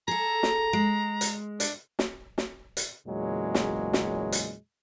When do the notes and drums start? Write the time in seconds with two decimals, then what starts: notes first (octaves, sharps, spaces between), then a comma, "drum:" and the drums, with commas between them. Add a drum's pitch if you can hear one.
0.08 G#4 A4 A#5
0.43 drum: snare
0.73 G#3
1.21 drum: hi-hat
1.60 D4, drum: hi-hat
1.99 drum: snare
2.38 drum: snare
2.77 drum: hi-hat
3.07 E2 A#2 C#3 F#3 G#3
3.55 drum: snare
3.93 drum: snare
4.32 drum: hi-hat